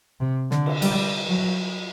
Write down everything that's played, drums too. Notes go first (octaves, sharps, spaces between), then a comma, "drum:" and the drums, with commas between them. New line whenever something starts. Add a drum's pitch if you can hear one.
C3
D3, drum: snare
drum: cymbal
G3, drum: cymbal
F#3